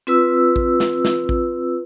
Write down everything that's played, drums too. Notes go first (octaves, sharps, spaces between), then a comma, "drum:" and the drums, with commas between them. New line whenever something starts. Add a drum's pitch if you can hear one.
C4 F4 B4 E6
drum: kick A1
drum: snare
drum: snare
drum: kick A1